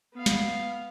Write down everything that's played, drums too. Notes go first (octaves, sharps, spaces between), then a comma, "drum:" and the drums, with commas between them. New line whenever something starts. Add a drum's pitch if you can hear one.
B3 F5
drum: snare